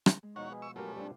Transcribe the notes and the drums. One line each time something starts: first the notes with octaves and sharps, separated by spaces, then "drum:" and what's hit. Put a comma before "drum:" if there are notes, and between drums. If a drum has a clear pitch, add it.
drum: rim click
G#3
E2 B2 F3 D#4 C#5 F#5 C#6
G#3 G#4 B4
C#6 E6
F#3 A3 C#4 F4 G4 A#4 B4
G3 C4 D4